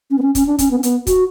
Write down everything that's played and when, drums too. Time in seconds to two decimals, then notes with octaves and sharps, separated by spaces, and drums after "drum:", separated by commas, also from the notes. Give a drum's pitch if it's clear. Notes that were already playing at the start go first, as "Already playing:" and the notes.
0.10 C#4
0.18 B3
0.22 C#4
0.35 C#4, drum: kick, hi-hat
0.46 D4
0.59 C#4, drum: kick, hi-hat
0.71 B3
0.78 C#4
0.83 B3, drum: hi-hat
1.07 F#4, drum: kick, hi-hat